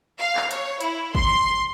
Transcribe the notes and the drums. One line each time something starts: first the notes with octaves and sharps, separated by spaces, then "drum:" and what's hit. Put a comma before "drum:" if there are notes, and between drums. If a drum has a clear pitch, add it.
F5
drum: clap
C#5, drum: hi-hat
E4, drum: hi-hat
C6, drum: kick